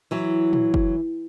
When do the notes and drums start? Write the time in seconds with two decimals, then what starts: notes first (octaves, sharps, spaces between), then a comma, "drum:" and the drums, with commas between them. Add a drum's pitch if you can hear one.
0.11 E3 F#3
0.53 drum: tom
0.74 drum: kick F#1